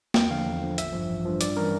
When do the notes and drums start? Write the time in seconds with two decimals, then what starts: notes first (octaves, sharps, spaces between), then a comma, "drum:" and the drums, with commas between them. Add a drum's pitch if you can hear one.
0.14 E2 G5, drum: snare
0.31 D3 F3 F5
0.46 E2
0.62 D3 F3
0.78 A1 E5, drum: hi-hat
0.93 G2 F3
1.09 A1
1.25 G2 F3
1.41 G2 D5, drum: hi-hat
1.56 E3 G3 C#4 A#4